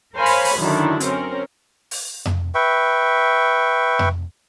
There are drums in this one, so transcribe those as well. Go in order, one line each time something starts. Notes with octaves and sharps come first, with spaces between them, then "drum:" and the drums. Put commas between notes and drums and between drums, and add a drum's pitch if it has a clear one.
A#4 C5 C#5 F5 G#5 B5
drum: open hi-hat
drum: open hi-hat
F#2 D3 D#3 D4 E4
C4 C#4 A#4, drum: hi-hat
drum: open hi-hat
drum: tom F2
B4 E5 G5 C#6
drum: tom F2